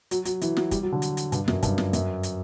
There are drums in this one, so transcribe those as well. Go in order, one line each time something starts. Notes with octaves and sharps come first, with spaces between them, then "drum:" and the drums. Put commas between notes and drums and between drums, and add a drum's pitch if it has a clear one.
F#3, drum: hi-hat
F#3, drum: hi-hat
E3, drum: hi-hat
F#3, drum: snare
G3, drum: kick, hi-hat
F#3
D3
drum: hi-hat
drum: hi-hat
G2, drum: hi-hat
F#2, drum: snare
G2, drum: kick, hi-hat
drum: snare
F#2, drum: hi-hat
drum: hi-hat